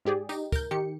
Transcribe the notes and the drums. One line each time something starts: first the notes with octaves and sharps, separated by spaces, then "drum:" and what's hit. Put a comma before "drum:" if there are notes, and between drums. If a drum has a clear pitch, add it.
G#2 G4 G#4 D5
D#4 G4, drum: tambourine
A#4 G6, drum: kick, tambourine
D#3 G4 C#7